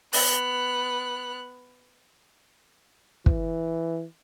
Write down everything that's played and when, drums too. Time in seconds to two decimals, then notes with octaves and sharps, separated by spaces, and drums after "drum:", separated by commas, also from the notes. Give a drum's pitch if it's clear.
0.13 B3 F#6, drum: open hi-hat
3.26 E3, drum: kick